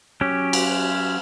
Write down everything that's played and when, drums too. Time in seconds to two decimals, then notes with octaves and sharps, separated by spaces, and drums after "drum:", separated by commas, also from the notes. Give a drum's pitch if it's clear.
0.21 F#3 C#4 G4
0.53 drum: cymbal